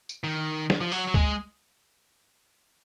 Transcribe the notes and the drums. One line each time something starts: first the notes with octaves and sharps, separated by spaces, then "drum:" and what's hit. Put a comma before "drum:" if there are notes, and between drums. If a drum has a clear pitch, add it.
drum: tambourine
D#3
drum: snare
F3
F#3, drum: open hi-hat
F#3
G#3, drum: kick C#2